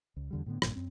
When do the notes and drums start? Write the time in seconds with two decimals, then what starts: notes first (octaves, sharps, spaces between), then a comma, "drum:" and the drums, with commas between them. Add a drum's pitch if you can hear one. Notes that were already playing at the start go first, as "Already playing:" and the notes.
0.17 C#2
0.31 E2 D3 G3
0.46 A2 D3 B3
0.62 A#1 G2 A#2, drum: rim click
0.76 F#2 C4